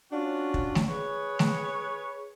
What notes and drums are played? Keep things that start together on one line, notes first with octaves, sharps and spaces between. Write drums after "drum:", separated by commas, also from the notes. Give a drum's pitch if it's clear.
C#4 D4 F4 F#4
drum: kick
drum: snare A3
G#4 B4 C#5
drum: snare A3